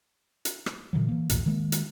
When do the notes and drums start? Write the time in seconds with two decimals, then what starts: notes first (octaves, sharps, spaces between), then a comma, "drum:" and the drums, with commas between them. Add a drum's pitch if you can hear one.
0.45 drum: hi-hat
0.66 drum: rim click
0.93 A#2 D3 E3 F#3
1.09 E3 A#3
1.30 A#1 E2 A2, drum: hi-hat
1.46 D#3 G#3 A#3
1.72 drum: hi-hat